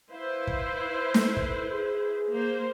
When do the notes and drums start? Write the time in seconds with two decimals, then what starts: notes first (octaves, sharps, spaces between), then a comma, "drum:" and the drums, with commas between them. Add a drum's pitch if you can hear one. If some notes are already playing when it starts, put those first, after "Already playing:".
0.11 E4 B4 C5 F5
0.47 drum: kick
1.14 A4, drum: snare
1.37 drum: kick
1.71 G#4
2.31 A#3 C5